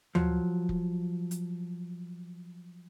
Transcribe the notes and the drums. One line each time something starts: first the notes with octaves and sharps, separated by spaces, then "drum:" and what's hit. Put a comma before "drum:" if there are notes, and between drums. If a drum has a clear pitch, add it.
F3 F#3, drum: tom
drum: kick F1
drum: hi-hat